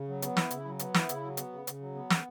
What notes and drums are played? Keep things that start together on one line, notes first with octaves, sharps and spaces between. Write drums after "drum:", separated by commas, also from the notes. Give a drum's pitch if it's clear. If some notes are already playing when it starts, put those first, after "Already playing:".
Already playing: C#3
F#3
B3, drum: hi-hat
E4, drum: snare
C#3, drum: hi-hat
F#3
B3, drum: hi-hat
E4, drum: snare
C#3, drum: hi-hat
F#3
B3, drum: hi-hat
C#3
C#3, drum: hi-hat
F#3
B3
C#3, drum: snare